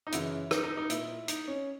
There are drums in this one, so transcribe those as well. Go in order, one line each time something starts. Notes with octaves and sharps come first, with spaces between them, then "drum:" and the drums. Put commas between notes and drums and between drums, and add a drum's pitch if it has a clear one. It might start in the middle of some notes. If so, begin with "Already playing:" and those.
D#4
F#2 C#3 E3 E4, drum: hi-hat
D#4, drum: rim click
D#4
D#4
A#2 E4, drum: hi-hat
D#4, drum: hi-hat
C#4